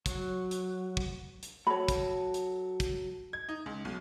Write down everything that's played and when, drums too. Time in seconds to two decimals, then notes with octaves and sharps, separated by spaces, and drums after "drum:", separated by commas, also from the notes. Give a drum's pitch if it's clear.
0.06 F#3, drum: kick, hi-hat
0.51 drum: hi-hat
0.97 drum: kick
1.43 drum: hi-hat
1.67 F#3 F#4 A4 C#5 B5
1.88 drum: kick, hi-hat
2.34 drum: hi-hat
2.80 drum: kick, hi-hat
3.33 G#6
3.49 D#4
3.66 C#2
3.85 B1